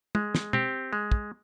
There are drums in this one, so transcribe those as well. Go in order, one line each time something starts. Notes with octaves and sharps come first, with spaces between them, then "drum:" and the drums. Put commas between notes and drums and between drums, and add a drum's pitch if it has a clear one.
G#3, drum: tom
drum: snare
C4 G4, drum: tom
G#3
drum: kick